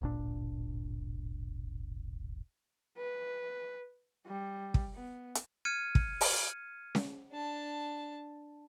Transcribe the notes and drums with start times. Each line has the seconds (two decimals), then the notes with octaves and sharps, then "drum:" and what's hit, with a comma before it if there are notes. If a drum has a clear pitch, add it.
0.01 D1 G1 A#2 D4
2.98 B4
4.27 G3
4.74 drum: kick
4.95 B3
5.35 drum: hi-hat
5.65 F6 G#6 C#7 D#7
5.95 drum: kick
6.21 drum: open hi-hat
6.95 drum: snare C#4
7.32 D4 A5